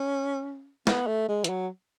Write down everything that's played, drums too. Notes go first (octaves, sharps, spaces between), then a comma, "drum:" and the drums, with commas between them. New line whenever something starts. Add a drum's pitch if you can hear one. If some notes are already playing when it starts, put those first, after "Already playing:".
Already playing: C#4
B3, drum: snare
A3
G#3
E3, drum: hi-hat
F#3